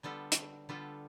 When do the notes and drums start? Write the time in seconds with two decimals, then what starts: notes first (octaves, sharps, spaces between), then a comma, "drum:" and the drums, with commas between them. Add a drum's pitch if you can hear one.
0.03 D3 G3 B3 F4 A4
0.32 drum: hi-hat
0.69 D3 G3 B3 F4 A4